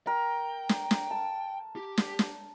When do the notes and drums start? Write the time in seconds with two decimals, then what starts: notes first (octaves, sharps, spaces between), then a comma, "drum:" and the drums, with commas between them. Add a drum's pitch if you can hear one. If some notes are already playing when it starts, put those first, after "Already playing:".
0.07 A#4 G5
0.69 drum: snare
0.91 drum: snare
1.11 A5
1.76 G4
1.97 drum: snare
2.19 drum: snare